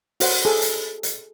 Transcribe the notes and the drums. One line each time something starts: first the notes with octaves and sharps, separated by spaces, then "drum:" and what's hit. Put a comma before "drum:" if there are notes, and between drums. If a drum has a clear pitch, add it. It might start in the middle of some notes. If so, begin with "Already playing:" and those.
F#4 C5 F#5, drum: open hi-hat
G#4 A4
drum: hi-hat
drum: hi-hat